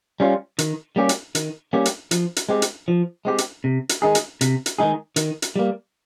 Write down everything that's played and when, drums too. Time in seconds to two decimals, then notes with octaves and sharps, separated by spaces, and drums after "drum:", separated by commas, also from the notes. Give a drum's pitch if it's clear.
0.20 G3 C#4 F4
0.59 D#3, drum: hi-hat
0.96 G3 A#3 C#4 G4
1.09 drum: hi-hat
1.35 D#3, drum: hi-hat
1.73 G3 A#3 C#4 G4
1.85 drum: hi-hat
2.11 F3, drum: hi-hat
2.36 drum: hi-hat
2.49 G#3 C4 G4
2.62 drum: hi-hat
2.88 F3
3.25 G#3 C4 G4
3.38 drum: hi-hat
3.64 C3
3.89 drum: hi-hat
4.02 D#3 G#3 D#4 G#4
4.15 drum: hi-hat
4.41 C3, drum: hi-hat
4.66 drum: hi-hat
4.79 D#3 G#3 D#4 G#4
5.16 D#3, drum: hi-hat
5.42 drum: hi-hat
5.56 G3 A#3